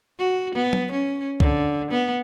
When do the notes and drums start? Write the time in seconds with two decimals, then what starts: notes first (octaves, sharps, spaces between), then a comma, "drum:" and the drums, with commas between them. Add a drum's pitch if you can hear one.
0.19 F#4
0.55 B3
0.73 drum: tom F#3
0.92 C#4
1.40 D3, drum: kick
1.91 B3